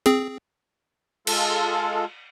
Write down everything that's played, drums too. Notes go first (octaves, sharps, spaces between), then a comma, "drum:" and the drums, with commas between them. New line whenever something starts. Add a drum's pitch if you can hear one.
C4 G#4, drum: hi-hat
G#3 F4 A4, drum: cymbal